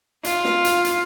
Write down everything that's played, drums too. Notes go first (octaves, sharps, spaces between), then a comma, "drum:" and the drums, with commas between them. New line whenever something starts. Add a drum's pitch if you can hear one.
F4, drum: hi-hat
drum: snare
drum: hi-hat
drum: hi-hat